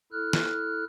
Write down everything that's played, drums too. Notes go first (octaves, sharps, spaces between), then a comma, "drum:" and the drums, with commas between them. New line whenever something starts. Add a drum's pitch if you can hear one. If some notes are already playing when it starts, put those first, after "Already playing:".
E4 A4 F6 F#6
drum: snare